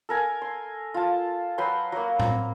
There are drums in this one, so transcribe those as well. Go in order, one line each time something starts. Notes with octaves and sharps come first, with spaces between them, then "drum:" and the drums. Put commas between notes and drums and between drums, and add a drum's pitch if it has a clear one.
A4 A#4 G#5
C6
F4 A5
F#3 B4 G5 C6
F#3 A#3
C4, drum: tom A2